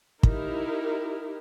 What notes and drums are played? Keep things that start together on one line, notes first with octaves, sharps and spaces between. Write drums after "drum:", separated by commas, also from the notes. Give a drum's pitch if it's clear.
D#4 E4 G4 A#4, drum: kick